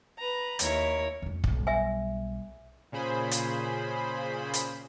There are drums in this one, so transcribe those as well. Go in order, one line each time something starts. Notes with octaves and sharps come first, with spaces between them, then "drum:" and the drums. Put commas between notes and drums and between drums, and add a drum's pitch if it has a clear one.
B4 A#5
D#2 E4 A#4 C#5, drum: hi-hat
F2 A3
B1 G3, drum: kick
E5 G#5
A#2 C#3 G#4 C5 B5
drum: hi-hat
drum: hi-hat